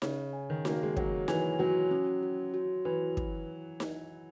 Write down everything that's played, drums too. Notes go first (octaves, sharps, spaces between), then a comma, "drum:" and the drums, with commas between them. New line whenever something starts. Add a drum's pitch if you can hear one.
C#3 C#5, drum: snare D#4
G#5
D#3
A#3 F#4, drum: snare D#4
G#3
F#3 C#5, drum: kick
E3 G#5, drum: snare D#4
F#3 F#4
C#4
F#4
F#4
E3 B4
drum: kick
drum: snare D#4